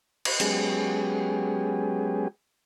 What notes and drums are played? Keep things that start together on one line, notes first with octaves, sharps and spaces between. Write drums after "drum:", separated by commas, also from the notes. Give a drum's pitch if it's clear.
drum: cymbal
F#3 G#3 B3 C#4 G4 G#4, drum: hi-hat